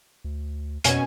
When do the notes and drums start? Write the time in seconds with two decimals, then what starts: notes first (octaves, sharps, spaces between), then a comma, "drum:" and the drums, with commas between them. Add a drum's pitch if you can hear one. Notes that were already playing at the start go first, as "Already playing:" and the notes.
0.24 D2
0.84 F2 B2 C#4 G#5, drum: hi-hat